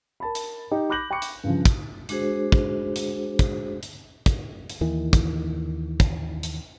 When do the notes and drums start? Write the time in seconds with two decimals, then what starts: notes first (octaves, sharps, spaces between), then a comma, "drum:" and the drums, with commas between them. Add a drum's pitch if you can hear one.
0.20 A#4 A5 B5
0.35 drum: hi-hat
0.71 D#4 G4
0.90 B5 D6 F#6 G6 A#6 F#7
1.11 G5 B5 C#6 D6 C#7
1.22 drum: hi-hat
1.44 G2 C#3 F3
1.65 drum: kick, hi-hat
2.09 G#3 D4 F#4 G#4 C5, drum: hi-hat
2.52 drum: kick
2.96 drum: hi-hat
3.39 drum: kick, hi-hat
3.83 drum: hi-hat
4.26 drum: kick, hi-hat
4.70 drum: hi-hat
4.81 D#2 D#3 E3
5.13 drum: kick, hi-hat
6.00 drum: kick, hi-hat
6.43 drum: hi-hat